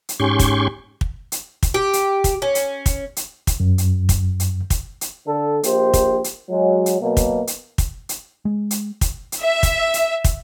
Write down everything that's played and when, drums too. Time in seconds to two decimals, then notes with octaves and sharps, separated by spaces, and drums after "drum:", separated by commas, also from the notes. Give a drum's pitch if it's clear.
0.09 drum: hi-hat
0.20 G#2 C#4 G4 C6 C#6
0.39 drum: kick, hi-hat
1.01 drum: kick
1.32 drum: hi-hat
1.63 drum: kick, hi-hat
1.74 G4
1.93 drum: hi-hat
2.24 drum: kick, hi-hat
2.42 C#4
2.55 drum: hi-hat
2.86 drum: kick, hi-hat
3.16 drum: hi-hat
3.47 drum: kick, hi-hat
3.60 F#2
3.78 drum: hi-hat
4.09 drum: kick, hi-hat
4.40 drum: hi-hat
4.70 drum: kick, hi-hat
5.01 drum: hi-hat
5.27 D3 A4
5.63 A#1 A#2 G4 C5, drum: hi-hat
5.94 drum: kick, hi-hat
6.24 drum: hi-hat
6.49 F#3 G#3
6.86 drum: hi-hat
7.01 B2 F#3 A#3
7.17 drum: kick, hi-hat
7.47 drum: hi-hat
7.78 drum: kick, hi-hat
8.09 drum: hi-hat
8.45 G#3
8.71 drum: hi-hat
9.01 drum: kick, hi-hat
9.32 drum: hi-hat
9.41 E5
9.63 drum: kick, hi-hat
9.94 drum: hi-hat
10.24 drum: kick, hi-hat